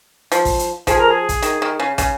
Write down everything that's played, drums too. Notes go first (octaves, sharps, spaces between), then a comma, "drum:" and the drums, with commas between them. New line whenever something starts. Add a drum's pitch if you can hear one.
F3, drum: hi-hat
drum: kick, open hi-hat
drum: hi-hat
F3 G#4, drum: kick, hi-hat
A#4
G#4
drum: kick, hi-hat
D#3, drum: hi-hat
D#3
C#3
C#3, drum: kick, hi-hat